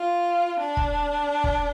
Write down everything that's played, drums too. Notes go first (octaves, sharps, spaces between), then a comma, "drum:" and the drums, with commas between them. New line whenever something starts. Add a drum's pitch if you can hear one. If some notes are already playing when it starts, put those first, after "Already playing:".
Already playing: F4
D4
drum: kick
drum: kick